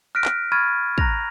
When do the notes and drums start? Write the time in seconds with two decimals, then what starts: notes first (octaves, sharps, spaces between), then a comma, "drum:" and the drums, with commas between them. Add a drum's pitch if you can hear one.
0.15 F6 F#6 A#6 B6 D7
0.25 drum: clap
0.52 B5 C#6 F6 G#6 A6 D#7
0.98 A#5 F#6 A#6 F7, drum: kick